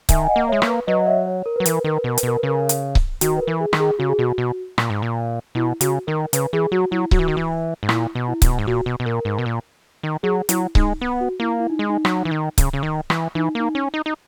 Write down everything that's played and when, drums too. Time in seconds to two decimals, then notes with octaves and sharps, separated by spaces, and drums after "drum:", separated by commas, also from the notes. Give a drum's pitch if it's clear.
0.09 D#3 E5 G#5, drum: kick C#1, hi-hat
0.24 G#5
0.28 D#5 F#5
0.36 A#3
0.48 C#5 E5
0.52 G#3
0.62 A#3, drum: rim click
0.68 B4
0.87 F#3 B4 D#5
1.01 D#5
1.06 C#5 E5
1.26 C#5
1.46 A#4
1.56 F#3 B4
1.66 E3 A#4, drum: hi-hat
1.77 B4
1.84 D#3 A#4
1.96 B4
2.04 B2 A#4
2.18 B4, drum: hi-hat
2.23 B2 A#4
2.39 C#3 B4
2.48 A#4
2.69 drum: hi-hat
2.95 drum: kick C#1
3.21 D#3 F#4, drum: hi-hat
3.36 B4
3.41 A#4
3.48 E3
3.60 G#4
3.73 D#3, drum: rim click
3.80 G#4
3.99 C#3 F#4
4.09 G#4
4.19 B2 F#4
4.38 B2
4.78 A#2, drum: rim click
4.90 G#2
5.02 A#2
5.55 B2 E4
5.81 C#3 F#4, drum: hi-hat
6.07 D#3 A#4
6.33 C#3 B4, drum: hi-hat
6.53 E3 G#4
6.72 F#3 F#4
6.91 F#3 E4
7.11 F#3 F#4, drum: kick C#1
7.19 E3
7.28 D#3
7.37 E3
7.83 G#2
7.89 A#2 E4, drum: rim click
8.15 B2
8.28 E4
8.42 B2, drum: kick C#1, hi-hat
8.59 G#2
8.67 A#2 F#4
8.86 B2
9.00 B2
9.06 A#2 A#4
9.25 G#2
9.38 B2
9.46 A#2
10.03 D#3
10.23 F#3 G#4
10.49 F#3 E4, drum: hi-hat
10.75 G#3 D#4, drum: kick C#1
11.01 B3
11.21 F#4
11.40 A#3 E4
11.60 E4
11.70 D#4
11.79 G#3
11.90 D#4
12.05 F#3, drum: rim click
12.25 E3
12.31 D#3
12.58 C#3, drum: kick C#1, hi-hat
12.73 C#3
12.83 D#3
13.10 E3, drum: rim click
13.35 E3 D#4
13.55 A#3 D#4
13.75 C#4
13.94 D#4
14.06 D#4